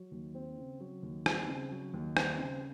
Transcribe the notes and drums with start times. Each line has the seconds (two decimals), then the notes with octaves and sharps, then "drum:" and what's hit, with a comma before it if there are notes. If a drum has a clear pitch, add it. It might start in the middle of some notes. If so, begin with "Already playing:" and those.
Already playing: F#3
0.11 D#2
0.35 C4
0.58 C#3
0.80 F#3
1.03 D#2
1.26 C4, drum: rim click
1.48 C#3
1.71 F#3
1.94 D#2
2.17 C4, drum: rim click
2.39 C#3